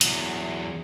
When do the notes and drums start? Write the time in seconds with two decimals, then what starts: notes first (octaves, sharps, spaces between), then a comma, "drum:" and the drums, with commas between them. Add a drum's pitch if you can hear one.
0.01 E2 F#3, drum: hi-hat